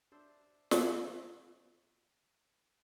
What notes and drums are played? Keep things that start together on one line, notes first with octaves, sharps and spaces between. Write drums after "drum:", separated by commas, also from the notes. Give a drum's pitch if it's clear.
D4 C5 E5
drum: snare